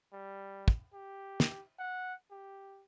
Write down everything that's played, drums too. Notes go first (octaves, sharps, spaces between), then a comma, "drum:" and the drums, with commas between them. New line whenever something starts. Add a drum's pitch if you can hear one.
G3
drum: kick
G4
drum: snare
F#5
G4